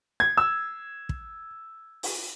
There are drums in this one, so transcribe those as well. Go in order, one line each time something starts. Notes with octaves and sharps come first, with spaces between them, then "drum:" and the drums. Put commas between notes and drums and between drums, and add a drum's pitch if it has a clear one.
G#6
E6
drum: kick
drum: open hi-hat